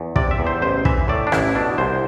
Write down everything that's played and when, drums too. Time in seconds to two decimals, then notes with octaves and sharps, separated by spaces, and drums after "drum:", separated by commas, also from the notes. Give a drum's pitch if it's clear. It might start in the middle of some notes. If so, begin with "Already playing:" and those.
Already playing: E2
0.16 C3 D5, drum: kick
0.31 E5
0.39 E2
0.47 C5
0.62 A1 C5
0.85 E3 E5, drum: kick
1.08 A2 D5
1.27 D4
1.32 A1 E4, drum: rim click
1.55 B2 D4
1.78 C2 C5